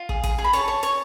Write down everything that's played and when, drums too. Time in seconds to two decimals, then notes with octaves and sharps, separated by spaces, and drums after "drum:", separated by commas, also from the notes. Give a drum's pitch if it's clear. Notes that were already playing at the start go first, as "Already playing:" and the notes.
Already playing: F4
0.09 G#4, drum: kick
0.24 G#4, drum: kick, hi-hat
0.38 G#4
0.44 B5
0.53 C#5 A5, drum: hi-hat
0.68 C#5
0.83 C#5, drum: hi-hat